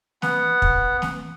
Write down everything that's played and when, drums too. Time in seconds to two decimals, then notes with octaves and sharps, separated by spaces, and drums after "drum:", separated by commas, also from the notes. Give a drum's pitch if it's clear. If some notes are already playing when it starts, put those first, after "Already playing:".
0.22 B3 F#5, drum: snare
0.62 drum: kick
1.02 drum: snare